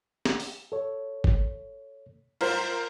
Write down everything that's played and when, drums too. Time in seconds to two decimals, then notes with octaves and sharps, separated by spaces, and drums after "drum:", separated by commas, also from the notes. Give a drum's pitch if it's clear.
0.25 drum: snare
0.40 drum: open hi-hat
0.72 A4 C#5
1.24 drum: kick
2.41 F4 A#4 C5, drum: cymbal